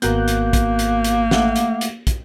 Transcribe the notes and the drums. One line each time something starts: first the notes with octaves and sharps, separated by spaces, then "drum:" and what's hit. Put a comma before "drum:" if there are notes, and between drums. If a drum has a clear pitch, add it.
G#1 A#3 B3 F#4 A#4 F#6 G6, drum: hi-hat
drum: hi-hat
drum: kick, hi-hat
drum: hi-hat
drum: hi-hat
A3 E5 F#5, drum: snare
drum: hi-hat
drum: hi-hat
drum: kick, hi-hat